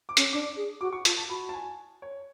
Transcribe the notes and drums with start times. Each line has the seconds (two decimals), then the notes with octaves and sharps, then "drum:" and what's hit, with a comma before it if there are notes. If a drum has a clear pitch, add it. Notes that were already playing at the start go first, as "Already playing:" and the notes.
0.09 D6
0.17 C#4, drum: hi-hat
0.33 D4 D6
0.57 G#4
0.81 F#4 D6
0.93 C#6
1.05 F4 A5, drum: hi-hat
1.17 A5
1.29 F#4 B5
1.49 A5
1.54 G#5
2.02 C#5